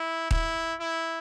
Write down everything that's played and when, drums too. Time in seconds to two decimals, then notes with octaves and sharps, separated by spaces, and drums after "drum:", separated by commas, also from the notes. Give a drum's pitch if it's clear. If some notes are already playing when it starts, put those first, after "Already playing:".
Already playing: E4
0.31 E4, drum: kick D#1
0.80 E4